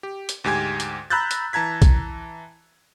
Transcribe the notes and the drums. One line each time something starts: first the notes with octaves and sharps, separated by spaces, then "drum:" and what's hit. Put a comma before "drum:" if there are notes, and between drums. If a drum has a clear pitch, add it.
G4
drum: hi-hat
D2 G#2 G4 G#5 G#6
drum: hi-hat
A#5 B5 E6 F#6 G6 A6
drum: hi-hat
E3 A5 A#5 G#6 B6
drum: kick B1, hi-hat